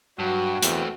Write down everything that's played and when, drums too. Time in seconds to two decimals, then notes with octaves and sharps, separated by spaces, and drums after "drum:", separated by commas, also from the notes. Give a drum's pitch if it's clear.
0.19 G2 F#3 F#4
0.63 E2 A3 C4, drum: hi-hat